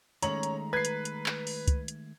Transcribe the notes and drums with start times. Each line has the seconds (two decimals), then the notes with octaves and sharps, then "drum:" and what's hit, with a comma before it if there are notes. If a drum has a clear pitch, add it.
0.22 D#3 G#3 A3 C#4 C#5 A#5 F#7, drum: hi-hat
0.43 drum: hi-hat
0.73 B4 G#6 C7
0.85 drum: hi-hat
1.05 drum: hi-hat
1.26 drum: clap
1.47 drum: open hi-hat
1.68 drum: kick, hi-hat
1.88 drum: hi-hat